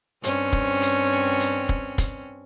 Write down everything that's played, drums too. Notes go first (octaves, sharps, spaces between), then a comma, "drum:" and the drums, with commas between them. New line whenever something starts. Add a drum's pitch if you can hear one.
G2 C4 C#4, drum: hi-hat
drum: kick
drum: hi-hat
drum: hi-hat
drum: kick
drum: kick, hi-hat